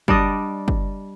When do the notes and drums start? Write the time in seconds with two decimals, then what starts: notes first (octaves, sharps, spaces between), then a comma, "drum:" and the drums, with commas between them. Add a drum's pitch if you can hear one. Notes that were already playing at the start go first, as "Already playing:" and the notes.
0.08 G3 D4 D#5, drum: kick
0.68 drum: kick